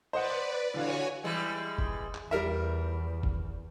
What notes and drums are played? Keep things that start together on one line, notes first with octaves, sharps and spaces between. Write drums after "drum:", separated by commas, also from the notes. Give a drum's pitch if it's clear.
B4 C5 D5 D#5 F#5
D3 E3 F#4 C#5 F5 G#5
E3 G3 G#3
drum: kick F#1
drum: clap
E2 G3 A#4 E5
drum: kick F#1